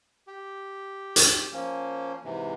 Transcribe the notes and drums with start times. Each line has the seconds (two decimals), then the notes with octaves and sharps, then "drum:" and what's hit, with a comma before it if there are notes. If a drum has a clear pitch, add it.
0.27 G4
1.16 drum: hi-hat
1.53 F3 A#3 C#4
2.24 G#2 C3 E3